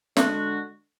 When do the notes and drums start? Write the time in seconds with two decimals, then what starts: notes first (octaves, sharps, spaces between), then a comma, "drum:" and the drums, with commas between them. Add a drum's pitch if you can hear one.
0.17 D3 G#3 D4 F#4, drum: snare